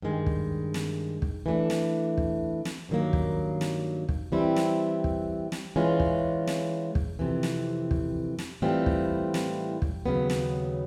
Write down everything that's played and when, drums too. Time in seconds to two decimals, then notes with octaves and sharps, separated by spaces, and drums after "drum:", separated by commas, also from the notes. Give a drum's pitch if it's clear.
0.02 G2 D#3 G#3
0.26 drum: kick
0.74 drum: snare
1.22 drum: kick
1.46 E3 A3 D4
1.70 drum: snare
2.18 drum: kick
2.65 drum: snare
2.89 G2 D#3 F#3 A#3
3.13 drum: kick
3.61 drum: snare
4.09 drum: kick
4.32 E3 G3 C4 E4
4.56 drum: snare
5.04 drum: kick
5.52 drum: snare
5.76 E3 G#3 C#4 F4
6.00 drum: kick
6.47 drum: snare
6.95 drum: kick
7.19 F2 C3 E3
7.43 drum: snare
7.91 drum: kick
8.38 drum: snare
8.62 A2 E3 G3 C4 F4
8.86 drum: kick
9.34 drum: snare
9.82 drum: kick
10.06 D#2 C#3 F#3 B3
10.30 drum: snare